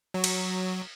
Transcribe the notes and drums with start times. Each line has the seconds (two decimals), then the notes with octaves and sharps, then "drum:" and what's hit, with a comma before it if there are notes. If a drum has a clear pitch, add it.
0.14 F#3
0.24 drum: cymbal